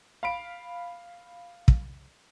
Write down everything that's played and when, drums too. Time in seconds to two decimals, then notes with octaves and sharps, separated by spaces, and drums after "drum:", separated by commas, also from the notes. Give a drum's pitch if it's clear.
0.23 F5 B5 D7
1.68 drum: kick